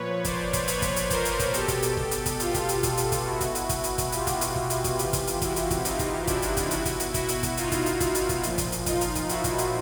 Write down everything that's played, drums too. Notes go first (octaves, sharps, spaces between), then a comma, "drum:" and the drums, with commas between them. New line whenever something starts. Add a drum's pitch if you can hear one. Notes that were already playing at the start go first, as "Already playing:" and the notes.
Already playing: A#2 F3 B4 C#5
C5 D5, drum: kick, hi-hat
drum: kick, hi-hat
B4 C#5, drum: hi-hat
drum: kick, hi-hat
drum: hi-hat
A#4 C5, drum: kick, hi-hat
drum: hi-hat
drum: kick, hi-hat
B2 G4 A4, drum: hi-hat
drum: kick, hi-hat
drum: hi-hat
drum: kick
drum: hi-hat
drum: kick, hi-hat
F4 G4, drum: hi-hat
drum: kick, hi-hat
drum: hi-hat
drum: kick, hi-hat
drum: hi-hat
drum: kick, hi-hat
B2 E4 F#4
drum: kick, hi-hat
drum: hi-hat
drum: kick, hi-hat
drum: hi-hat
drum: kick, hi-hat
F4 G4, drum: hi-hat
drum: kick, hi-hat
drum: hi-hat
drum: kick
drum: hi-hat
drum: kick, hi-hat
C3 E3, drum: hi-hat
drum: kick, hi-hat
drum: hi-hat
E4 F#4, drum: kick, hi-hat
drum: hi-hat
drum: kick, hi-hat
D#4 F4, drum: hi-hat
drum: kick, hi-hat
D4 E4, drum: kick, hi-hat
drum: hi-hat
drum: kick, hi-hat
B2 E4 F#4, drum: hi-hat
drum: kick, hi-hat
drum: hi-hat
E4 F#4, drum: kick, hi-hat
drum: hi-hat
drum: kick, hi-hat
D#4 F4, drum: hi-hat
drum: kick, hi-hat
drum: hi-hat
drum: kick, hi-hat
drum: hi-hat
drum: kick, hi-hat
A#2 F3, drum: hi-hat
drum: kick, hi-hat
drum: hi-hat
D#4 F4, drum: kick, hi-hat
drum: hi-hat
drum: kick, hi-hat
E4 F#4, drum: hi-hat
drum: kick, hi-hat
drum: hi-hat